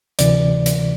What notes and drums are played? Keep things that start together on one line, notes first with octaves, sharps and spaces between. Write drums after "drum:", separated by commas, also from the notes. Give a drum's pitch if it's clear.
D2 C3 E3 D5, drum: hi-hat
drum: hi-hat